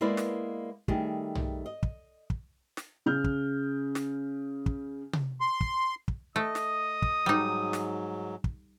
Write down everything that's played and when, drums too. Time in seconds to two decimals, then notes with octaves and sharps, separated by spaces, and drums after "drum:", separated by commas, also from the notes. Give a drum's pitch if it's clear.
0.01 G#3 A#3 B3 E4 B4 D5
0.17 drum: snare
0.88 D#3 G3 A3 G#4, drum: kick
1.35 drum: tom
1.66 D#5
1.83 drum: kick
2.30 drum: kick
2.77 drum: snare
3.06 C#3 F6 G6
3.24 drum: kick
3.95 drum: snare
4.66 drum: kick
5.13 drum: tom C3
5.41 C6
5.61 drum: kick
6.08 drum: kick
6.36 A3 D#5 D#6
6.55 drum: snare
7.02 drum: kick
7.26 G#2 F#3 G3 D#4
7.73 drum: snare
8.44 drum: kick